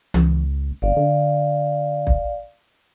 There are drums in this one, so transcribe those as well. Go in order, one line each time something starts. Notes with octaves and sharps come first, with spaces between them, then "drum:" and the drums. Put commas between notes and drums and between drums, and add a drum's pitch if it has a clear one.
C#2, drum: tom E3
G1 D5 F5
D3
drum: kick